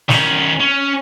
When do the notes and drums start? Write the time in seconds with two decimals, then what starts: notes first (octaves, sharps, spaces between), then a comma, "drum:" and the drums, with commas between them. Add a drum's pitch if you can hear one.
0.09 D#3 C#4, drum: snare
0.60 C#4